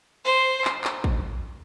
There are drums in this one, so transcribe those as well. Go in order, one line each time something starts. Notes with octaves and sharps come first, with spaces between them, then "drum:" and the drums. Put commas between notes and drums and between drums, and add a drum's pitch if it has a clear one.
C5
drum: clap
drum: clap
drum: kick